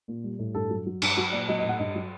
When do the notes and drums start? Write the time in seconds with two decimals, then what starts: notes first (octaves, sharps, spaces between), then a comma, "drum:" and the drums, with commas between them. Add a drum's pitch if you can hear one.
0.08 A#2
0.24 G3
0.39 A2
0.55 G2 A4
0.70 F#3
0.86 F#3
1.02 G2, drum: cymbal
1.17 F#3 F#4
1.32 A#2 D5
1.48 F#3 D#5
1.59 D#5
1.63 A2
1.69 F#5
1.79 G2 D#5
1.95 F#3